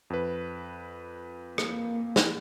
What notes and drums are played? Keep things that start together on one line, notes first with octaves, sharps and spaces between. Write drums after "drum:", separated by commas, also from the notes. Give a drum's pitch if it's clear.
F2 B4
A#3, drum: rim click
drum: snare